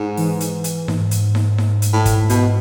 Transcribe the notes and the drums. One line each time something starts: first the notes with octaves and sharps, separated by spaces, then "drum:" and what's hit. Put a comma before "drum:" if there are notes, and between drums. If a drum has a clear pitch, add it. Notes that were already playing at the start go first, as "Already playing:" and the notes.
Already playing: G#2
E3, drum: open hi-hat
drum: hi-hat
drum: hi-hat
G#2, drum: snare D#4
drum: hi-hat
drum: snare D#4
drum: snare D#4
drum: hi-hat
A2
drum: kick, hi-hat
B2, drum: hi-hat